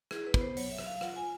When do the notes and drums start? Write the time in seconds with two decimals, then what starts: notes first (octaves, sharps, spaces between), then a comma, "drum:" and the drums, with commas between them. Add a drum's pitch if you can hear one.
0.11 E4 G#4, drum: rim click
0.27 B4
0.34 B3, drum: kick
0.41 C5
0.57 F#3 C#5, drum: open hi-hat
0.72 E5
0.78 F#3, drum: rim click
0.87 F5
1.01 F4 F#5, drum: rim click
1.16 G#5